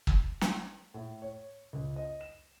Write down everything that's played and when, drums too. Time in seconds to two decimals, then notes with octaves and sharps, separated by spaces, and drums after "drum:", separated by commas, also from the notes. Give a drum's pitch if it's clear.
0.07 drum: kick
0.41 drum: snare
0.94 A2
1.22 C#5
1.73 C#2
1.96 D#5
2.21 E7